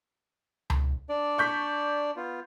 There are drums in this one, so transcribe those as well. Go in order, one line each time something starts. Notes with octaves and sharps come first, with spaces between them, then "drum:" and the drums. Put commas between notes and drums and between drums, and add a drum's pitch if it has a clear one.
drum: tom C#2
D4 D5
C#6 G6 B6
B3 F4